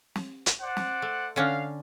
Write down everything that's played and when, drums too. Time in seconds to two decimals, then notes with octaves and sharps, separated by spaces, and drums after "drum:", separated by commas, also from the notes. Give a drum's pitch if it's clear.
0.16 drum: snare
0.46 drum: hi-hat
0.61 C5 D5 F#5
0.77 drum: snare
1.02 A3
1.36 D3 C#4 D4 F5